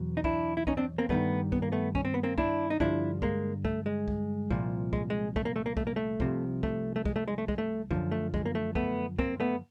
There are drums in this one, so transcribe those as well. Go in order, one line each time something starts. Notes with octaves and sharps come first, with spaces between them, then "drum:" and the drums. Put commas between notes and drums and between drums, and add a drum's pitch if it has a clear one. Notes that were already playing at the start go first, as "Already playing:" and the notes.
Already playing: E2 B2 F#3
D#4
D4 E4, drum: kick
E4
C#4 D#4, drum: kick
C4 D4
A#3 C4
G2 D#3 G3 A3 B3, drum: kick
B3, drum: kick
A#3
A3 B3
C#4, drum: kick
C4
B3
A#3 C4
D4 E4, drum: kick
D#4
G2 D3 F3 D4 E4, drum: kick
G#3 A#3, drum: kick
A3, drum: kick
G#3
drum: kick
C2 A#2 F3, drum: kick
G#3, drum: kick
G#3
A3, drum: kick
A#3
A3
A#3
A3, drum: kick
A#3
A3
C2 C3 F3, drum: kick
A3, drum: kick
A3
G#3, drum: kick
A3
G#3
A3
G#3, drum: kick
A3
F#2 D3 F3, drum: kick
A3
G#3, drum: kick
A#3
A3
A3 B3, drum: kick
A#3 C4, drum: kick
A3 B3